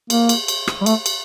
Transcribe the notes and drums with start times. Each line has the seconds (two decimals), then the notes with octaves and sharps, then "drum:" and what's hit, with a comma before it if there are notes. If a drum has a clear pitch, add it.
0.10 A#3, drum: cymbal
0.29 drum: cymbal
0.48 drum: cymbal
0.67 drum: rim click
0.81 G3
0.86 A3, drum: cymbal
1.06 drum: cymbal